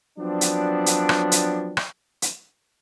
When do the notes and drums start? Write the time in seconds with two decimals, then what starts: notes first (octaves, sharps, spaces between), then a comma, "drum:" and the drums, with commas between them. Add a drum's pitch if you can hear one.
0.18 F3 F#3 B3 C4 D4
0.41 drum: hi-hat
0.86 drum: hi-hat
1.09 drum: rim click
1.32 drum: hi-hat
1.77 drum: rim click
2.22 drum: hi-hat